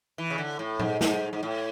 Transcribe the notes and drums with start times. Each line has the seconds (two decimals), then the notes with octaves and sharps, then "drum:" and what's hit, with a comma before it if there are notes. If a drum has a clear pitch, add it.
0.18 E3
0.30 C#3
0.38 D3
0.59 A2
0.79 G#2, drum: tom A#2
1.01 G#2, drum: snare
1.33 G#2
1.43 A2